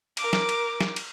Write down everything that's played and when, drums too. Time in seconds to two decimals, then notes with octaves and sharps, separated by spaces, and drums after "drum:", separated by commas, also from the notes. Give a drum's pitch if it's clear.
0.17 A#4 D6, drum: cymbal
0.33 drum: snare
0.49 drum: cymbal
0.81 drum: snare
0.96 drum: cymbal